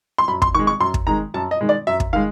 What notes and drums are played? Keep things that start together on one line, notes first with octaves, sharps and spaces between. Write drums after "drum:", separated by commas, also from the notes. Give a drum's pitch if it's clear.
C6
F#2 B5
C6, drum: kick
D#3 G#3 C#6
C#6
F#2 C6
drum: kick
D#3 G#3 A#5
F#2 A5
D#5
D#3 G#3
D5
F#2 E5
drum: kick
D#3 G#3 F5